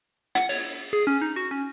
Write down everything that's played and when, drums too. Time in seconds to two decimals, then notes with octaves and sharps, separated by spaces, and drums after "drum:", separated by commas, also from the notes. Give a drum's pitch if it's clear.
0.35 F#5, drum: hi-hat
0.49 C#5, drum: open hi-hat
0.93 G#4
1.07 C#4
1.22 D#4
1.36 F#4
1.51 C#4